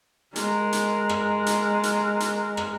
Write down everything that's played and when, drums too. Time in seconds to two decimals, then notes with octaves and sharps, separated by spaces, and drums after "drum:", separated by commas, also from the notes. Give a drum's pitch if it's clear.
0.36 G#3 A#4, drum: hi-hat
0.72 drum: hi-hat
1.09 drum: rim click
1.46 drum: hi-hat
1.83 drum: hi-hat
2.20 drum: hi-hat
2.57 drum: rim click